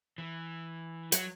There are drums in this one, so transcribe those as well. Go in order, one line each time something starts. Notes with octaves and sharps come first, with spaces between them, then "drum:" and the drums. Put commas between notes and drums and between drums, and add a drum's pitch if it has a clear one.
E3
F#3, drum: hi-hat